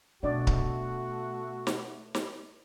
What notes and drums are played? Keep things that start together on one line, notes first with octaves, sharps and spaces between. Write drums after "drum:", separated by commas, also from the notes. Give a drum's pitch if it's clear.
B2 A3 D4 F#4 D5 D#5
drum: kick C#1
drum: snare
drum: snare